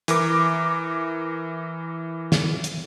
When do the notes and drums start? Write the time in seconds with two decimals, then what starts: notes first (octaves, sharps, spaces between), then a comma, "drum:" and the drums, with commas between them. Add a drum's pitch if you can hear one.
0.08 E3 A#4 D6, drum: hi-hat
2.32 drum: snare
2.64 drum: hi-hat